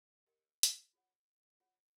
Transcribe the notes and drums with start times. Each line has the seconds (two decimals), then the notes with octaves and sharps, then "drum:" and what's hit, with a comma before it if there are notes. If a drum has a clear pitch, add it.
0.26 G4 A#4 D#5 G5
0.63 drum: hi-hat
0.93 F4 G#4 C#5 F#5
1.60 F4 G#4 C#5 F#5